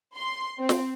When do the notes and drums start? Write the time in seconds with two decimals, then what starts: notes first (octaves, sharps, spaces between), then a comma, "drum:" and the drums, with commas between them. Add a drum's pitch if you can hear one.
0.15 C6
0.60 C4
0.69 drum: snare